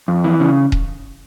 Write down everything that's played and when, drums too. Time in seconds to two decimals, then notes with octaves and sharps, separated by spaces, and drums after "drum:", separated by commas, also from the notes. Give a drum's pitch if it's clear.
0.08 F2
0.24 E3
0.40 C#3
0.72 drum: kick D#1